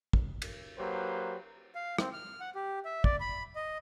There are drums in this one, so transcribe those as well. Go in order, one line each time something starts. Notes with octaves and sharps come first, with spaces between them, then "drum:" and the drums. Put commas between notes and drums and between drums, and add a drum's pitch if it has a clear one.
drum: kick
drum: cymbal
F#3 A#3 G4 B4 C5
F5
C4, drum: rim click
F6
F#5
G4
E5
D5, drum: kick
B5
D#5